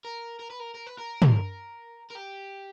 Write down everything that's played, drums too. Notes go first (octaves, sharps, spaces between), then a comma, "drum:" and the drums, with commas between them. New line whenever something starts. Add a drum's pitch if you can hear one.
A#4
A#4
B4
A#4
A#4
B4
A#4
drum: tom
A#4
G4